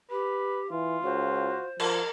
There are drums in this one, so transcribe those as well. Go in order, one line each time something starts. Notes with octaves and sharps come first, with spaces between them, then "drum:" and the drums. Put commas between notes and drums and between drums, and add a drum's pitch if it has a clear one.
G4 B4
E3 F4
C#2 F#4 C5
F3 A#4, drum: cymbal